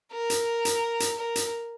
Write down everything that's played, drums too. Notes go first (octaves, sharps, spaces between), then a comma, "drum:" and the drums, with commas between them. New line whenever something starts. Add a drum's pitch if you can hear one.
A#4
drum: hi-hat
drum: hi-hat
drum: hi-hat
A#4
drum: hi-hat